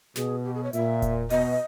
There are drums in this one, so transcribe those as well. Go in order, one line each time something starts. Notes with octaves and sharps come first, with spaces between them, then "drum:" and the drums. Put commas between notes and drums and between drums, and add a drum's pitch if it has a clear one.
B2 G#4, drum: snare
G4
G#4
C#5
A#2 E5, drum: hi-hat
drum: kick E1, hi-hat
B2 D#5, drum: open hi-hat